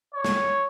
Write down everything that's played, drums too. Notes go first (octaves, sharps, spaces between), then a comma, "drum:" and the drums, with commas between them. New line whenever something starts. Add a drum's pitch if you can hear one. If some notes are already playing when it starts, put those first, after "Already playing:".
C#5
drum: snare